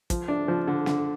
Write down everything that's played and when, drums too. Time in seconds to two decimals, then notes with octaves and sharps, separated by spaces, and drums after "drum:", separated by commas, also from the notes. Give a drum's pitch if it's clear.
0.10 F3, drum: kick, hi-hat
0.28 D4
0.48 F3
0.67 D3
0.86 D3, drum: snare